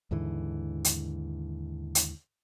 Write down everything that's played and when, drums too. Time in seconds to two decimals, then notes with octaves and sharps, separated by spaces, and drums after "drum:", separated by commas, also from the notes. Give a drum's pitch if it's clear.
0.11 D#2 G#2 D3 E3
0.85 drum: hi-hat
1.95 drum: hi-hat